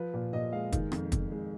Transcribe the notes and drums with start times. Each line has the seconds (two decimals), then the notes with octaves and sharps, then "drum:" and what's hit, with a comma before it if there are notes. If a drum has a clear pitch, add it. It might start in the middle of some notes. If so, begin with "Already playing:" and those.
Already playing: F3 B4
0.14 A#2
0.33 A#2 D#5
0.53 G#3 F5
0.72 D#3, drum: kick, hi-hat
0.92 F2, drum: rim click
1.12 F2, drum: kick, hi-hat
1.32 G#3